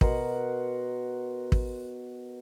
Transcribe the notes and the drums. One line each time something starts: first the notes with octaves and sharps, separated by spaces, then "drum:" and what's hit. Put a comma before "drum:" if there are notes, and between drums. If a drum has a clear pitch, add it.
B2 A#4 F#5 C6, drum: kick
drum: kick